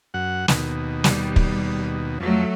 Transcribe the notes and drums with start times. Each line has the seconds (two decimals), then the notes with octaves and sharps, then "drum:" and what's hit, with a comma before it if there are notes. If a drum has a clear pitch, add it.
0.14 F#2 F#5
0.48 D#2 B2, drum: snare
1.04 G3, drum: snare
1.36 drum: kick
2.20 F2 F#3 A3